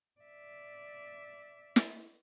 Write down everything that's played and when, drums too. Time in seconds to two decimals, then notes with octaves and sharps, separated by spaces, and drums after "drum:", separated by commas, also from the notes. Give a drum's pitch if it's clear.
0.21 D5 E5
1.76 drum: snare